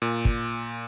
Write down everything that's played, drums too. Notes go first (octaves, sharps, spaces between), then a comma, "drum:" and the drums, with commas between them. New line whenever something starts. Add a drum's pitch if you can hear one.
A#2
drum: kick